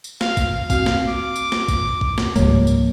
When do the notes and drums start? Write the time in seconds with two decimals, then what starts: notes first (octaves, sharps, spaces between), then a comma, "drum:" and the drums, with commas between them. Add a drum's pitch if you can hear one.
0.04 drum: tambourine
0.21 F5, drum: snare
0.37 drum: kick A1, tambourine
0.70 C4 F#4 F5, drum: kick A1, tambourine
0.86 drum: snare
1.08 D6
1.36 drum: tambourine
1.52 drum: snare
1.68 drum: kick A1, tambourine
2.01 drum: kick A1
2.18 drum: snare
2.36 C#2 G#2 F3 G3 A#3 C#5, drum: tambourine
2.67 drum: tambourine